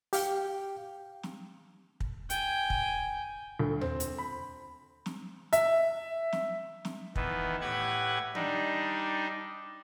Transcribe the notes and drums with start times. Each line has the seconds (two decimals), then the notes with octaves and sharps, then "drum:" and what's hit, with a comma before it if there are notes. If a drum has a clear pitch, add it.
0.13 G4 F5 G5, drum: open hi-hat
1.23 drum: snare
2.00 drum: kick
2.30 G5 G#5, drum: hi-hat
2.70 drum: kick
3.59 D2
3.81 C4, drum: tom D#2
4.00 drum: hi-hat
4.18 B5
5.06 drum: snare
5.53 E5, drum: hi-hat
6.33 drum: snare
6.85 drum: snare
7.15 D#3 E3 B3, drum: kick
7.61 A2 G4 B4 F#5 G#6
8.35 G3 D4 D#4, drum: tom